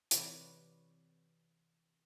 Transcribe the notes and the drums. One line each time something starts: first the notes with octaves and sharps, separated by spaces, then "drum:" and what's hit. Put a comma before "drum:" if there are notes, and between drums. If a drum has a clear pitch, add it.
C3 E3 B4 C#5 D5, drum: hi-hat